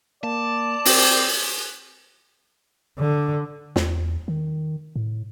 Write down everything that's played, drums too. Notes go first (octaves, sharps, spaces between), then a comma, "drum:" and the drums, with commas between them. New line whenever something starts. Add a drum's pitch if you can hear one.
A#3 D5 A5
C4 A#6, drum: open hi-hat
D3
E2, drum: snare
D#3
A2